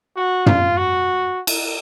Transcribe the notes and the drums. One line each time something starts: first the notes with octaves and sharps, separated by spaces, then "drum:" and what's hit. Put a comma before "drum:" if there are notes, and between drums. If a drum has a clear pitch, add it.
F#4
F4, drum: tom
F#4
drum: cymbal